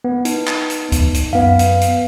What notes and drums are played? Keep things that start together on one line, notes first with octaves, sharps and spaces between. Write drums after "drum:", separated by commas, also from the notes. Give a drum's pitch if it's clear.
B3
D#4, drum: hi-hat
drum: clap
drum: hi-hat
drum: kick C#2, hi-hat
drum: hi-hat
F#2 B3 F5
drum: hi-hat
drum: hi-hat